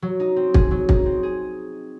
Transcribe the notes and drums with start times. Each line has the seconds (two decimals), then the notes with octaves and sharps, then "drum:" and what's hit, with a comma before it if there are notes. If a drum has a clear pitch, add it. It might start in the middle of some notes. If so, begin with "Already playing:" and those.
0.02 F#3
0.20 D#4
0.36 C4
0.54 G#4, drum: kick
0.71 F#3
0.89 D#4, drum: kick
1.06 C4
1.23 G#4